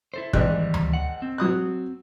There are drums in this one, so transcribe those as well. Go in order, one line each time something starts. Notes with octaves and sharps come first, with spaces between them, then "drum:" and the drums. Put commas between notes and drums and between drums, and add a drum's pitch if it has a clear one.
E4 A4 C5
G#1 D#2 E3 G3 D4 F#6, drum: kick
drum: tom D2
F#5
C4
F#3 D#6 F#6